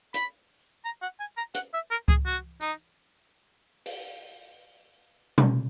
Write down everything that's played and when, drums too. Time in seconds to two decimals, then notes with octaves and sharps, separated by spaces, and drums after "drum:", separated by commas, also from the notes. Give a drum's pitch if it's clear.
0.14 B5, drum: hi-hat
0.85 A#5
1.02 F#5
1.20 G#5
1.37 A#5
1.55 F#5, drum: hi-hat
1.73 E5
1.90 A#4
2.08 G#4, drum: kick C#2
2.26 F#4
2.61 D#4, drum: tambourine
3.86 drum: open hi-hat
5.38 drum: tom B2